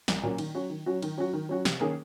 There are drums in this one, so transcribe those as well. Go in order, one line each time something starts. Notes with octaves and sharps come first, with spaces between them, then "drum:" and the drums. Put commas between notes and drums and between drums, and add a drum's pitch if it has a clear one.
C2, drum: snare
A#2 F#3 A#3 C#4
D#3, drum: cymbal
F#3 C#4 F#4
D#3
F#3 C#4 F#4
D#3, drum: cymbal
F#3 C#4 F#4
D#3
F#3 C#4 F#4
C3, drum: snare
D#3 A#3 C#4 G#4